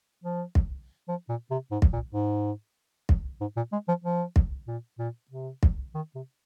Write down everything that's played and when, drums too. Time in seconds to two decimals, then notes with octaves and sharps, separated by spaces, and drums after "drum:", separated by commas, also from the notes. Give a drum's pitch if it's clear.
0.24 F3
0.55 drum: kick
1.08 F3
1.29 A#2
1.51 C3
1.71 G#2
1.82 drum: kick
1.93 A#2
2.13 G#2
3.09 drum: kick
3.41 G#2
3.56 A#2
3.72 G#3
3.88 F3
4.04 F3
4.36 drum: kick
4.67 A#2
4.99 A#2
5.31 C3
5.63 drum: kick
5.95 D#3
6.15 C3